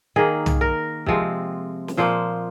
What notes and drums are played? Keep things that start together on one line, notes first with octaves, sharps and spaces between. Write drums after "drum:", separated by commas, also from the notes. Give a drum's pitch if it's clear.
D#3 A#3 G#4
drum: tom
A#4
C3 F3 G#3 C4, drum: kick
drum: snare
A#2 F3 A#3 C5